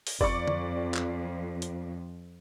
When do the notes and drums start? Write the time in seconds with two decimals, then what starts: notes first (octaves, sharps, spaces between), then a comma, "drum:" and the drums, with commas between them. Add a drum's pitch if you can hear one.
0.07 drum: open hi-hat
0.21 F2 D5 C#6, drum: kick F#1
0.48 drum: tom
0.94 drum: clap
1.62 drum: hi-hat